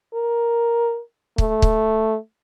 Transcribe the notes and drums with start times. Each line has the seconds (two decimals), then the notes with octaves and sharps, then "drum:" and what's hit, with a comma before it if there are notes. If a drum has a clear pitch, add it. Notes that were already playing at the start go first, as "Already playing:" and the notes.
0.14 A#4
1.38 A3, drum: kick
1.62 drum: kick